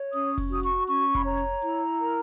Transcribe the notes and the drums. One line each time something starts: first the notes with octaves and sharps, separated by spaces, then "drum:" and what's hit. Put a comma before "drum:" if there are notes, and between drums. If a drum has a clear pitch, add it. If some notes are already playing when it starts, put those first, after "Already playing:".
Already playing: C#5
C#4 D#6, drum: hi-hat
drum: kick F1, open hi-hat
F#4 D#6
C#6, drum: hi-hat
C#4 C#6, drum: hi-hat
B5, drum: kick F1, hi-hat
C#5 A#5
drum: hi-hat
E4, drum: hi-hat
A#4